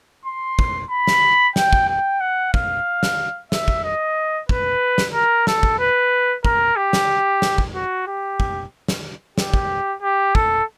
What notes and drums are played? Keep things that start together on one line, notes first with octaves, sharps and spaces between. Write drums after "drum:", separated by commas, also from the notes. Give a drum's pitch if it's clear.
C6
drum: kick
B5
drum: snare
G5, drum: snare
drum: kick
G5
F#5
F5, drum: kick
drum: snare
E5, drum: snare
drum: kick
D#5
B4, drum: kick
drum: snare
A#4
A4, drum: snare
drum: kick
B4
A#4, drum: kick
G4
drum: snare
drum: snare
drum: kick
F#4
G4
drum: kick
drum: snare
G4, drum: snare
drum: kick
G4
A4, drum: kick